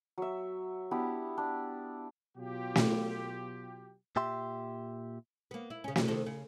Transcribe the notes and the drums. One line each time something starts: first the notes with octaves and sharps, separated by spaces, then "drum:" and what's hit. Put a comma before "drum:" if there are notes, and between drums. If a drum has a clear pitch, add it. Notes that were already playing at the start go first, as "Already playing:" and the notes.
F#3 E5
B3 D4 E4 G4
D4
B2 F#3 F4 G4
drum: snare
A#2 G4 E5 C6
A#3 B3
E4
C#3 C#4
E2 C3 F#3, drum: snare
C3 D#3 A4
C#3